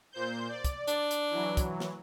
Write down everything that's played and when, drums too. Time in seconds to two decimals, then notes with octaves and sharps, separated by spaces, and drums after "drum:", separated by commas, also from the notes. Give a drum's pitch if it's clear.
0.12 A#2 C5 G6
0.49 D5
0.64 drum: kick, hi-hat
0.88 D4, drum: hi-hat
1.11 drum: hi-hat
1.30 E3 F#3
1.57 drum: kick, hi-hat
1.80 drum: snare